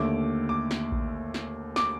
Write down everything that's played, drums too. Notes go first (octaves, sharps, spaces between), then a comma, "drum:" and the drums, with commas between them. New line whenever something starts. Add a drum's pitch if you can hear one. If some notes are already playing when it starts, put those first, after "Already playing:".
Already playing: D#2 D3 A3 D6
D6
drum: snare
drum: kick A1
drum: snare
D6, drum: snare